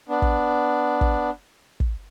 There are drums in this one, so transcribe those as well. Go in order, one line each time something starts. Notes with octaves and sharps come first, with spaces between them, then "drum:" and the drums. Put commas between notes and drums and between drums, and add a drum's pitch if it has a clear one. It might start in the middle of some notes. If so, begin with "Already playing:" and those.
B3 D4
drum: kick
drum: kick
drum: kick